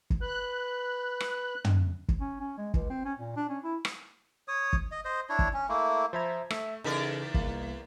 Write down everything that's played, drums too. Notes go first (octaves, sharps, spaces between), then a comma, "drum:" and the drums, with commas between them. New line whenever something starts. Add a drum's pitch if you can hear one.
drum: kick
B4 F#6
drum: rim click
drum: tom
drum: kick
C#4
C#4
G#3
C#2, drum: kick
C4
C#4
A#2
D4
C#4
E4
drum: rim click
C#5 D#6
drum: kick
D#5
C5 D#5
D4 E4 C#5
drum: kick
C#4
A3 A#3 E4
F3 C5 E5 A#5 B5 G#6
A3 E5, drum: rim click
E2 C#3 D#4 A4 A#4 D5 B6
C2 A#3, drum: kick